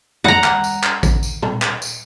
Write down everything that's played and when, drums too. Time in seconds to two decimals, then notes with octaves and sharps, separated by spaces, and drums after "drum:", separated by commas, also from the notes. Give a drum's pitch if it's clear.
0.24 F#5 A#5, drum: tom F2
0.44 drum: clap
0.64 drum: tambourine
0.83 drum: clap
1.03 drum: kick, tambourine
1.23 drum: tambourine
1.42 drum: tom A#2
1.62 drum: clap
1.82 drum: tambourine